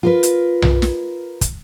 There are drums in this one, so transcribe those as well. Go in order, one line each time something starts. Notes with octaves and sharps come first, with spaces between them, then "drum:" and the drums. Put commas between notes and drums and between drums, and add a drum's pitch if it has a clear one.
F4 A#4 B4
drum: hi-hat
drum: tom B1
drum: snare
drum: kick, hi-hat